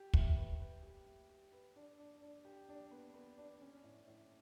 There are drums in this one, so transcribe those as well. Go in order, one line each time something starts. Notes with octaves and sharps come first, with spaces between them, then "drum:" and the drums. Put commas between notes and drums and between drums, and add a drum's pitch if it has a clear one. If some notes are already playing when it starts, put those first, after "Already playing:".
Already playing: G4
A3, drum: kick
B4
B4
G4
A3
G4
B4
D4
D4
D4
G4
D4
B3
B3
D4
C#4
A2
A2